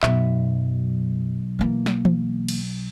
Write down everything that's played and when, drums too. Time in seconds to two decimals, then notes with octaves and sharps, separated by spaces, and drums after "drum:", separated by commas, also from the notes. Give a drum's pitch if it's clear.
0.03 B1 F#2 B2 E5, drum: clap
1.59 E3 A#3
1.86 drum: snare
2.05 drum: tom E3
2.48 drum: cymbal